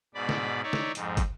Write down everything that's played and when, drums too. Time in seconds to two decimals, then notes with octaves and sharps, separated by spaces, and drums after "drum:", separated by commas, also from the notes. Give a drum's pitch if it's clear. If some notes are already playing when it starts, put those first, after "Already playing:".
0.15 G#2 B2 D5 B5
0.29 drum: snare
0.63 D#4 C#5 D5 E5
0.73 drum: snare
0.95 F2 G#2, drum: hi-hat
1.17 drum: kick, hi-hat